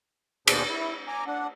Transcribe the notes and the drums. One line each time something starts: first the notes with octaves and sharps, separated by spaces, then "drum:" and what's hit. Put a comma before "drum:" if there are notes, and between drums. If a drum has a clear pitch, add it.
D#2 B2 D4 G#4 C5 G6, drum: cymbal
E4
G#5 A#5 D6
D4 F#5